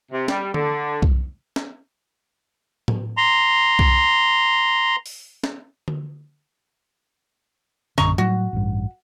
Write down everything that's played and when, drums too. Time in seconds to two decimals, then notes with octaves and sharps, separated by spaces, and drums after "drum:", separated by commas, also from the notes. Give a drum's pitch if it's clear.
0.12 C3
0.28 G3, drum: snare
0.54 D3, drum: tom D3
1.02 drum: kick B1
1.56 drum: snare
2.88 drum: tom A2
3.17 A#5 C6
3.79 drum: kick B1
5.06 drum: open hi-hat
5.44 drum: snare
5.88 drum: tom D3
7.98 A#1 F#2 D3 D#5 A#5 C#6, drum: snare
8.18 A2 F#3 F#4, drum: tom G3
8.53 A1 G2